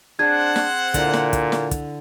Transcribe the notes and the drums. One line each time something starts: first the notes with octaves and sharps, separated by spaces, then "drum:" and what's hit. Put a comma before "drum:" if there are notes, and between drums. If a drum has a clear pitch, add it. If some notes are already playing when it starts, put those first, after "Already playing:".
C4 D4 G#4 C5 F#5 G#6
drum: snare
A#2 D3 E4, drum: kick, hi-hat
drum: snare
drum: kick, hi-hat
drum: snare
drum: kick, hi-hat